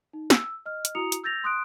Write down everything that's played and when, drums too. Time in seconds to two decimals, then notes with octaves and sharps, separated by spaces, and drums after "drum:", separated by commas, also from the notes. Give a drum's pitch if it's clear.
0.13 D#4
0.30 E6, drum: snare
0.66 D#5 F6
0.85 drum: hi-hat
0.95 E4 F#4 A#5 D#6 C#7 F7
1.12 drum: hi-hat
1.24 E6 G6 A6 A#6 F7
1.44 C6 D#6 F#6 D7